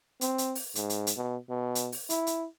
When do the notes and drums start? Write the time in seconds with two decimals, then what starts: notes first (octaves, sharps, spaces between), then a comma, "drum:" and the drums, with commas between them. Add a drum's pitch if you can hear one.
0.21 C4, drum: hi-hat
0.38 drum: hi-hat
0.55 drum: open hi-hat
0.75 G#2, drum: hi-hat
0.90 drum: hi-hat
1.07 drum: hi-hat
1.16 B2
1.50 B2
1.75 drum: hi-hat
1.92 drum: open hi-hat
2.10 E4, drum: hi-hat
2.27 drum: hi-hat